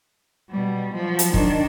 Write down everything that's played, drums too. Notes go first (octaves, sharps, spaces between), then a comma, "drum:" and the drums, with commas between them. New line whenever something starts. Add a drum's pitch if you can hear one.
B2 G3
F3 F#3
drum: hi-hat
D#3 D4, drum: kick